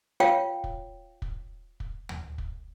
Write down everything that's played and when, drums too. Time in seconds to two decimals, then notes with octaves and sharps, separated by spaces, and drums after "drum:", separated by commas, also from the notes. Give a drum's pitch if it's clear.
0.20 F4 C#5 F5 G5
0.64 drum: kick
1.22 drum: kick
1.80 drum: kick
2.09 drum: tom D2
2.38 drum: kick